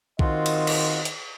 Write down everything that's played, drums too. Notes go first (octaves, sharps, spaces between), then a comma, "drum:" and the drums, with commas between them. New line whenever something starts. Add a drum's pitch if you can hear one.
D#3 C4 F4 F#4 D#5, drum: kick B1
drum: cymbal
drum: cymbal
drum: hi-hat